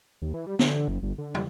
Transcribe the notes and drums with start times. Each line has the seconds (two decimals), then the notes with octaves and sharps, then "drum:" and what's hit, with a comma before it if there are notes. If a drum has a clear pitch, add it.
0.22 D#2
0.34 E3
0.47 G3
0.59 D3, drum: snare
0.73 D3
0.88 F#1
1.03 G1
1.18 D3
1.35 G3, drum: tom